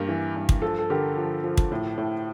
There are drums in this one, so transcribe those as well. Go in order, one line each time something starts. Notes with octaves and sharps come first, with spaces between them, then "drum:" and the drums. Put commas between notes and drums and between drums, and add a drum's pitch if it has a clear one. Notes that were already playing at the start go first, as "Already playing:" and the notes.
Already playing: G2 A#3 G4 A#4
E3
G2
drum: kick
F3 A4
A4
D3 G4 A#4
F3
F3
drum: kick
A2
A2